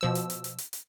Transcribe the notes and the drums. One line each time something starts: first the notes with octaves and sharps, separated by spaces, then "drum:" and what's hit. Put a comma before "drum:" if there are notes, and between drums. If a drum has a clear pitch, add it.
B2 F3 E6
drum: hi-hat
drum: hi-hat
drum: hi-hat
drum: hi-hat
drum: hi-hat